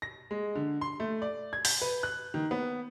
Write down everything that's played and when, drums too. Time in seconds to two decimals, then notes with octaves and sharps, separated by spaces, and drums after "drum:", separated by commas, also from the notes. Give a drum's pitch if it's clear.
0.02 A#6
0.31 G#3
0.55 D3
0.81 C6
1.00 A3
1.22 D5
1.53 G#6
1.65 G6, drum: open hi-hat
1.82 B4
2.03 F#6
2.34 D#3
2.51 B3